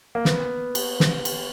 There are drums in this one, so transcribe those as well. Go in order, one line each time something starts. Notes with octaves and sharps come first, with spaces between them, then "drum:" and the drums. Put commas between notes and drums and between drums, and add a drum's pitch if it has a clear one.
A#3
B3, drum: snare
drum: cymbal
drum: snare
drum: cymbal